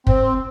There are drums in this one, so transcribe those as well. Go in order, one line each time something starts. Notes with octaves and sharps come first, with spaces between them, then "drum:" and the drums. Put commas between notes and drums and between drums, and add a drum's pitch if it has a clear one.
C4, drum: kick